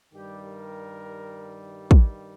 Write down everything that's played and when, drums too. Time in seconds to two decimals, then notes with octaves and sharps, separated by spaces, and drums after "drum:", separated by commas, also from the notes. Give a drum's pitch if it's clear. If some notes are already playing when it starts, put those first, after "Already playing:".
0.14 G2 D#3 G3 G4
0.47 A#4
1.91 drum: kick